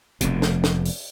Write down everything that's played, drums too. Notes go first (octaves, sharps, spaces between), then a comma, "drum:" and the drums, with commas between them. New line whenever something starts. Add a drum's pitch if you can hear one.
F1 F2 B2, drum: hi-hat
drum: snare
drum: snare
drum: open hi-hat